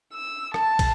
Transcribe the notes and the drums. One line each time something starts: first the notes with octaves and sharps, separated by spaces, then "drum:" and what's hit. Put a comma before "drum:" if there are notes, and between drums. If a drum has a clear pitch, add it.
E6
A5, drum: rim click
drum: kick, cymbal